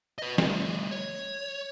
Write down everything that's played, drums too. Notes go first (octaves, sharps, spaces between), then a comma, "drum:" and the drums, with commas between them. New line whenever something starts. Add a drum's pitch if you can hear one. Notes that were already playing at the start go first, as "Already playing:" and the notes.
B4 D#5
G3 A3, drum: snare
C#5